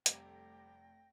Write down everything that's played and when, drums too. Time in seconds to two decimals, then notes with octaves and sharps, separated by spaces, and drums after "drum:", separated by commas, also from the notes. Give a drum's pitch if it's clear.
0.06 F1 G3 A3 C4 G4 G5 A#6, drum: hi-hat